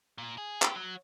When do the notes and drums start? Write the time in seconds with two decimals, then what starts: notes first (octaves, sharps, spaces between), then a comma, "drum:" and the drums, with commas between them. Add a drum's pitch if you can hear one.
0.18 A#2
0.38 G#4
0.62 G4, drum: clap
0.75 F#3